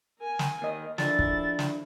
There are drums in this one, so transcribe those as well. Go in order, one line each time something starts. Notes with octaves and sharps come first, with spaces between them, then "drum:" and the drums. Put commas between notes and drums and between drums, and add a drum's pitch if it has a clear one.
A#4 G#5
drum: snare
D#2 A#4 D#5
F3 D4 E4 A4 A6, drum: snare
drum: kick
drum: snare